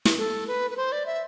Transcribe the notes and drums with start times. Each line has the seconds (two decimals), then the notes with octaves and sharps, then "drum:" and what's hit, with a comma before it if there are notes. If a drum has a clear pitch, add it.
0.05 drum: snare
0.18 A4
0.47 B4
0.71 B4
0.77 C5
0.92 D5
1.06 E5